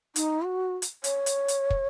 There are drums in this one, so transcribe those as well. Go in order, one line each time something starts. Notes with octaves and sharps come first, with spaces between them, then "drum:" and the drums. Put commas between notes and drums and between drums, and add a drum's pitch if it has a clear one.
D#4, drum: hi-hat
F#4
drum: hi-hat
C#5, drum: hi-hat
drum: hi-hat
drum: hi-hat
drum: kick